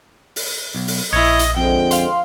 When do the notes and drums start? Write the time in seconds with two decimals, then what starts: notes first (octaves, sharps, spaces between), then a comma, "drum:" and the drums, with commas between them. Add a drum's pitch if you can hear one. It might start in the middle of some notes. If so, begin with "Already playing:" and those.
0.36 drum: open hi-hat
0.75 B1
0.88 drum: open hi-hat
1.13 A#1 E4 C#5 D#5
1.39 drum: hi-hat
1.57 F2 D3 F3 G#3 G5
1.91 F5 C6, drum: hi-hat